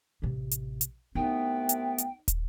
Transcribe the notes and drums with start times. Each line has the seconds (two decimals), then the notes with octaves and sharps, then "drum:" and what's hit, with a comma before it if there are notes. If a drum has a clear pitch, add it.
0.22 A1 C3
0.51 drum: hi-hat
0.81 drum: hi-hat
1.15 C2 A3 B3 D#4 G5
1.69 drum: hi-hat
1.98 drum: hi-hat
2.28 drum: kick, hi-hat